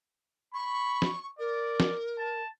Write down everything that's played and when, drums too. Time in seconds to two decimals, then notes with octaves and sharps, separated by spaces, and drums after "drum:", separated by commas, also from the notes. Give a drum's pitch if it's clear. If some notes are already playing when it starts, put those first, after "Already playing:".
0.54 B5 C#6
1.02 drum: snare
1.39 A#4 D5
1.80 drum: snare
2.18 A5